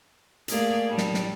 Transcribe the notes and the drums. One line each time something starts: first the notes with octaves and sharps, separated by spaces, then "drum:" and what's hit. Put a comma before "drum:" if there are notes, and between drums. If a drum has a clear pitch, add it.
A3 A#3 G#4 A#4 D5 F5, drum: hi-hat
A2 G3 D4
drum: snare
drum: snare